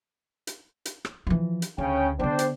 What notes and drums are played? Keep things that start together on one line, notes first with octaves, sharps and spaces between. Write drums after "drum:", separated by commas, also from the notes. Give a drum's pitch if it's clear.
drum: hi-hat
drum: hi-hat
drum: rim click
E3 F3
drum: hi-hat
D2 C#3 C#4 G5
D3 B3 D4 C5 G5
drum: hi-hat